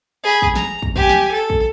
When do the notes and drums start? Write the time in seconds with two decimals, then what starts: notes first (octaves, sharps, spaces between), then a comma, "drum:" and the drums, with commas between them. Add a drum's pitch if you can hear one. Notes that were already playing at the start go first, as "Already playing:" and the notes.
0.24 G#4 B5
0.42 drum: kick
0.56 A#5, drum: snare
0.82 drum: kick
0.96 G4 G#5, drum: kick
1.09 drum: snare
1.32 A4
1.50 drum: kick